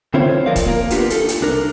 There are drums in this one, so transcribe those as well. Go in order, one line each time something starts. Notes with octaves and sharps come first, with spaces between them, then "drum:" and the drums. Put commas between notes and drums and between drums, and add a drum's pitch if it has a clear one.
D3 C4 E4 F4 C5 C#5
D#3 F3 A#4 D5 F5
drum: kick D#1, hi-hat
A#3 A#4
B3 D4 F4 G4, drum: hi-hat
D#4 A4, drum: hi-hat
drum: hi-hat
C2 D4 A#4